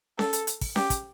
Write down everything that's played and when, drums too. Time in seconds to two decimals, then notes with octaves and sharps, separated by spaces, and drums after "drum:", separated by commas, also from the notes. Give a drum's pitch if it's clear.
0.19 A4, drum: snare C#4
0.33 drum: hi-hat
0.47 drum: hi-hat
0.61 drum: kick, open hi-hat
0.76 G4, drum: snare C#4
0.90 drum: kick, hi-hat